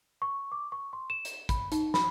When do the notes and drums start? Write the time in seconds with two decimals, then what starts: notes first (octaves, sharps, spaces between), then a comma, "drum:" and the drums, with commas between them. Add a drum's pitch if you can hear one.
0.22 C#6
0.52 D6
0.72 C#6
0.93 C6
1.10 E7
1.25 drum: hi-hat
1.49 B5, drum: kick A1, hi-hat
1.72 D#4, drum: hi-hat
1.94 B5, drum: snare